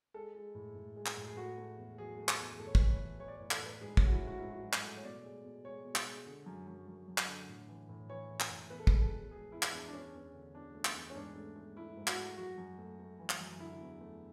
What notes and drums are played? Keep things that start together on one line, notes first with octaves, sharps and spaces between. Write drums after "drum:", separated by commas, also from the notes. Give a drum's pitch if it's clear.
G#3 A4
G#3
A2
A2
G#3
drum: clap
A2
G#4
A3 F#4
A3
E2
F#3 G#4
A3
drum: clap
E2
A2 A4
C#5
E3 B4, drum: kick
C#5
E3
E3 C#5
D5
A2 C#5
A4, drum: clap
A2 B4
G#2 G#4
A3 C#4, drum: kick
F#4
E4
G#2
F#4
G#2 E4
F#4
F#3
drum: clap
A3
C#5
B2 D5
G#3
B2
G#3 C#5
B2
drum: clap
G#3
D3
F#2
F#2
F#2
F#2
drum: clap
D3
A2
E3
A2
E3 C#5
A2
drum: clap
A2
E2 B4
A4
G#3 B4, drum: kick
A4
G#3
G#3 G#4
E2 E4
drum: clap
E2 D4
D4
E2 C#4
E2
D3
E2 D4
A3
drum: clap
E2
C#4
G#2 D4
A3
A3
A3 E4
G#2
F#4, drum: clap
A3
F#2 F#4
F#2
A3
A3
E3
drum: clap
F#2
D3 E4
E2
A3